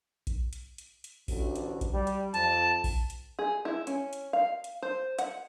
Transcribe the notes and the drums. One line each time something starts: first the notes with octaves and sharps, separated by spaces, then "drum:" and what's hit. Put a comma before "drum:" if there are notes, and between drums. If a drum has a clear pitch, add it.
drum: kick A#1, hi-hat
drum: hi-hat
drum: hi-hat
drum: hi-hat
A1 D2, drum: kick A#1, open hi-hat
drum: hi-hat
drum: kick A#1, hi-hat
G3
drum: hi-hat
F2 A5, drum: hi-hat
drum: kick A#1, open hi-hat
drum: hi-hat
G#4
E4
C#4, drum: hi-hat
drum: hi-hat
F5
drum: hi-hat
C5
F#5, drum: hi-hat